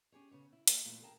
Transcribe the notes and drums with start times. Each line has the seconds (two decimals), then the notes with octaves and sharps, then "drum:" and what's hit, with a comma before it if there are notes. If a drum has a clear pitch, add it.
0.12 C#4 G4 G#4 C#5
0.31 C#3 B3 C#5
0.53 E4
0.68 D#2 D#5, drum: hi-hat
0.84 G2 A#2 E3 A3 B3 F4
1.02 G#4 A#4 G5 A5